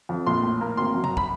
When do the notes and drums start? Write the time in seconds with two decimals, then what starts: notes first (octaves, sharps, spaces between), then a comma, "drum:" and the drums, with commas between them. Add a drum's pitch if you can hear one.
0.09 F2
0.26 A#1 C6
0.43 A2
0.61 A#3
0.77 G#1 C6
0.95 F#2
1.04 A#5, drum: tom C3
1.17 B5, drum: kick